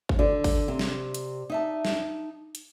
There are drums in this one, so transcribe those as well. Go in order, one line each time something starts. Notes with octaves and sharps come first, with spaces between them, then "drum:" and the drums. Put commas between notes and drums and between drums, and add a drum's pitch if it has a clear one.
drum: kick G#1
D3 D5
drum: kick G#1, open hi-hat
C3
drum: snare
drum: hi-hat
D#4 E5 A5
drum: snare
drum: hi-hat